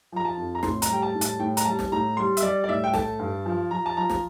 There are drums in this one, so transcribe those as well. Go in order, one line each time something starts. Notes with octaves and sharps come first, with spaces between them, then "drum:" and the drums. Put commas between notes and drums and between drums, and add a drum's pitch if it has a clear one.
F3 A#5
A5
F2
A#5
A2 C6, drum: snare
A#5, drum: hi-hat
G3 G5
A5
A2
A5, drum: hi-hat
A2 G5
A#5, drum: hi-hat
G3 A5
drum: snare
A2 A#5
G3 C6
E5, drum: hi-hat
G3 D5
D5
A2 E5
G5
A3 A5, drum: snare
G2
F3
F3 A#5
A5
F3 A#5
drum: snare